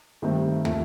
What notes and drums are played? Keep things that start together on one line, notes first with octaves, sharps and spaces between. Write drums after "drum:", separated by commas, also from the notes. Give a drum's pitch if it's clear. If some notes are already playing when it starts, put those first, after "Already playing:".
G2 D#3 A3 C4
F3 A3, drum: tom